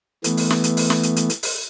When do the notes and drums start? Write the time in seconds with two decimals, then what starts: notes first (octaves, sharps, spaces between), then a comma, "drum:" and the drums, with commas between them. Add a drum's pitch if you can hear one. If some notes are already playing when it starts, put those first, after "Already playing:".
0.24 E3 A3 B3, drum: hi-hat
0.37 drum: open hi-hat
0.50 drum: snare
0.64 drum: hi-hat
0.77 drum: open hi-hat
0.90 drum: snare
1.03 drum: hi-hat
1.16 drum: hi-hat
1.30 drum: hi-hat
1.43 drum: open hi-hat